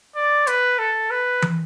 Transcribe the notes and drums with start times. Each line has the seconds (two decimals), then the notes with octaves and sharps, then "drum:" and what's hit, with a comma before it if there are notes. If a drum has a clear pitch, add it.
0.15 D5
0.47 B4, drum: hi-hat
0.78 A4
1.11 B4
1.42 drum: tom E3